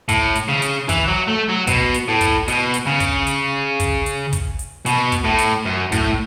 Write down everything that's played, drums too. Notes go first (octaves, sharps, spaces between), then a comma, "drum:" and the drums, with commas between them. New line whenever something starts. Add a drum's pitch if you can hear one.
A2, drum: kick, hi-hat
drum: hi-hat
C#3
drum: hi-hat
E3, drum: kick, hi-hat
F#3
A3
F#3
B2, drum: kick, hi-hat
drum: hi-hat
A2
drum: kick, hi-hat
B2, drum: hi-hat
drum: hi-hat
C#3
drum: kick, hi-hat
drum: hi-hat
drum: kick, hi-hat
drum: hi-hat
drum: kick, hi-hat
drum: hi-hat
B2, drum: hi-hat
drum: kick, hi-hat
A2
drum: hi-hat
F#2
A2, drum: kick, hi-hat